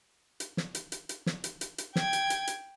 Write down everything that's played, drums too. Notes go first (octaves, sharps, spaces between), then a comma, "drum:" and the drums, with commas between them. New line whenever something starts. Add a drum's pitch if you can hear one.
drum: hi-hat
drum: snare
drum: hi-hat
drum: hi-hat
drum: hi-hat
drum: snare
drum: hi-hat
drum: hi-hat
drum: hi-hat
G5 G#6, drum: snare
drum: hi-hat
drum: hi-hat
drum: hi-hat